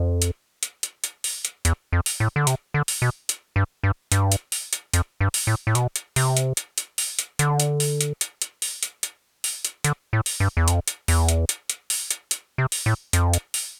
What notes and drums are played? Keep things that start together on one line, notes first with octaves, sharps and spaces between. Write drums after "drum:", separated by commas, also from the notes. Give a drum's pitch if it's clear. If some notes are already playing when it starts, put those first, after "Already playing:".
Already playing: F2
drum: hi-hat
drum: hi-hat
drum: hi-hat
drum: hi-hat
drum: open hi-hat
drum: hi-hat
E2, drum: hi-hat
F2
drum: open hi-hat
A2
D3
C3, drum: hi-hat
D3
drum: open hi-hat
B2
drum: hi-hat
G2
G2
G2, drum: hi-hat
drum: hi-hat
drum: open hi-hat
drum: hi-hat
F2, drum: hi-hat
G2
drum: open hi-hat
A2
A2
B2, drum: hi-hat
drum: hi-hat
C3, drum: open hi-hat
drum: hi-hat
drum: hi-hat
drum: hi-hat
drum: open hi-hat
drum: hi-hat
D3, drum: hi-hat
drum: hi-hat
drum: open hi-hat
drum: hi-hat
drum: hi-hat
drum: hi-hat
drum: open hi-hat
drum: hi-hat
drum: hi-hat
drum: open hi-hat
drum: hi-hat
D3, drum: hi-hat
A2
drum: open hi-hat
G2
E2
F2, drum: hi-hat
drum: hi-hat
E2, drum: open hi-hat
drum: hi-hat
drum: hi-hat
drum: hi-hat
drum: open hi-hat
drum: hi-hat
drum: hi-hat
C3
drum: open hi-hat
A2
F2, drum: hi-hat
drum: hi-hat
drum: open hi-hat